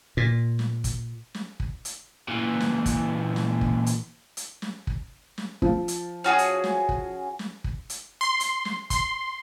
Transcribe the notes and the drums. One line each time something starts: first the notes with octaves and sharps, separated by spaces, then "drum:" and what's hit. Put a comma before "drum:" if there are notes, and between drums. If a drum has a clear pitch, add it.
A#2
drum: snare
drum: kick, hi-hat
drum: snare
drum: kick
drum: hi-hat
A#2 E3
drum: snare
drum: kick, hi-hat
drum: snare
drum: kick
drum: hi-hat
drum: hi-hat
drum: snare
drum: kick
drum: snare
F3, drum: kick
drum: hi-hat
C#4 F#4 G#4
drum: hi-hat
drum: snare
drum: kick
drum: snare
drum: kick
drum: hi-hat
C6
drum: hi-hat
drum: snare
C6, drum: kick, hi-hat